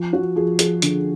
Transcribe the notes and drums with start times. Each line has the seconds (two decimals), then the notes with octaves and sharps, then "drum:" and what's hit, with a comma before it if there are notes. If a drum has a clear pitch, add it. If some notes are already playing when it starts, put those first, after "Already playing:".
Already playing: F3
0.13 F3 F#4
0.35 F3 G#4
0.59 F3 G#4, drum: hi-hat
0.82 D3, drum: hi-hat